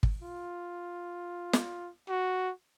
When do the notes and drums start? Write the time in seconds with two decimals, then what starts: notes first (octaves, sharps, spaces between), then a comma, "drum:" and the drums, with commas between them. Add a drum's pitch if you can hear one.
0.03 drum: kick
0.22 F4
1.53 drum: snare
2.09 F#4